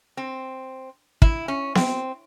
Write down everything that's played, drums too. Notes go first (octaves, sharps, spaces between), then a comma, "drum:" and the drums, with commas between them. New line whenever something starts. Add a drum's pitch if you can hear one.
C4
E4, drum: kick
C#4
C4, drum: snare B3